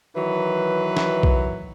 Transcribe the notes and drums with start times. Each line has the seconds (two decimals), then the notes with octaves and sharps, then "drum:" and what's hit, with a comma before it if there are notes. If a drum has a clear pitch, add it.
0.16 D#3 E3 F#3 B4
0.97 drum: snare
1.23 drum: kick B1